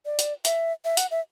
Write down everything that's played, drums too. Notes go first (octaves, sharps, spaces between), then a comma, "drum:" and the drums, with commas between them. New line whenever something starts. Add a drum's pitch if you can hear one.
D5
drum: hi-hat
E5, drum: hi-hat
E5
F#5, drum: hi-hat
E5